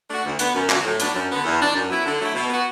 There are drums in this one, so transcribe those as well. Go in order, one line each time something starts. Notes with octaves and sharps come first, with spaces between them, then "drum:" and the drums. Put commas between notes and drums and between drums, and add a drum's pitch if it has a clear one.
A3 D4 F#4
D2
D3 B3, drum: hi-hat
F#2
D3 F#3, drum: clap
A2
F#3 B3 D4, drum: hi-hat
F#2
D3 B3
E2
B2 F#3 D4
F#2
F#3 B3 E4
D3
F#3 A3 E4
B2
B3 F#4